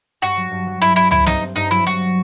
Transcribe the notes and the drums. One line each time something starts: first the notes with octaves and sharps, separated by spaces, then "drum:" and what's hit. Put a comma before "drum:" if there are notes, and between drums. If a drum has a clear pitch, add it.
G2 F#4
F#3
G2
F#3
G2 E4
G2 E4
C4 E4, drum: tom
C4 D#4, drum: snare
C4
G2 D#4
F#3 E4
F#3 F#4